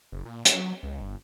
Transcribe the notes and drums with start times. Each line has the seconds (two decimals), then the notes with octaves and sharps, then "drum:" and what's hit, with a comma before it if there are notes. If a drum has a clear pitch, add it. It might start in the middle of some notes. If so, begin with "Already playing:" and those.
0.12 F#1
0.25 A#2
0.45 F#3, drum: hi-hat
0.83 C#2
1.01 G1